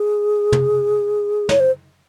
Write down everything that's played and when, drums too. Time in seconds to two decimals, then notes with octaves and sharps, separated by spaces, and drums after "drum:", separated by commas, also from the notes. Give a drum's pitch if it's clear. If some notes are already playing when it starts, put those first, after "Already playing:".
Already playing: G#4
0.52 drum: tom
1.49 C#5, drum: snare
1.60 C5